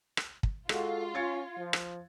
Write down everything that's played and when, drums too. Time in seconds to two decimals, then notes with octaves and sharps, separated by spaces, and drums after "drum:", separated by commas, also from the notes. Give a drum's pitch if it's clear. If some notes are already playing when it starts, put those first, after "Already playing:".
0.17 drum: rim click
0.43 drum: kick
0.69 G#3 F4 F#4 A4, drum: rim click
1.15 C#4 G#6 A6 C#7
1.58 F3
1.73 drum: rim click